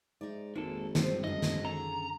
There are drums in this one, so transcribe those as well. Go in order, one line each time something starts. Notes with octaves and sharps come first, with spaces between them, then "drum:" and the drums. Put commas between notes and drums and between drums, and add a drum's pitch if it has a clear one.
G#2 D#4 D5
G#1 F2 G#3 A#3 A4
G2 F3 C4 C5, drum: snare
G#1 F#2 D3 D#5
drum: snare
C#4 G#4 A4 A#5